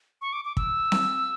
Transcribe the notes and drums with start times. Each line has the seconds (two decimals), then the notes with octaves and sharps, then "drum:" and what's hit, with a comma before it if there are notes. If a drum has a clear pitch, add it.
0.22 C#6
0.33 D6
0.45 D6
0.57 E6, drum: kick
0.92 drum: snare C4